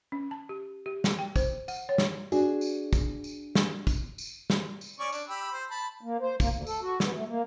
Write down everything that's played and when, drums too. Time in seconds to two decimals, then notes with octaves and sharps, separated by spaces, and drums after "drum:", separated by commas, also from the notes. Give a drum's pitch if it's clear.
0.12 C#4
0.31 A5
0.49 G4
0.86 G4
1.04 drum: snare
1.19 G5
1.36 C5, drum: kick, tambourine
1.68 F#5, drum: tambourine
1.89 C#5
1.98 drum: snare
2.32 D4 F#4 G#4, drum: tambourine
2.61 drum: tambourine
2.93 drum: kick, tambourine
3.24 drum: tambourine
3.55 drum: snare
3.87 drum: kick, tambourine
4.18 drum: tambourine
4.50 drum: snare
4.81 drum: tambourine
5.00 C#4 D5 C#6
5.13 D4 D5, drum: tambourine
5.29 G4 B5 E6
5.52 C5
5.71 A5 B5
6.01 A#3
6.21 C5
6.40 A#3, drum: kick, tambourine
6.52 D2
6.67 A4, drum: tambourine
6.82 F#4
7.00 B3, drum: snare
7.15 A3
7.27 A#3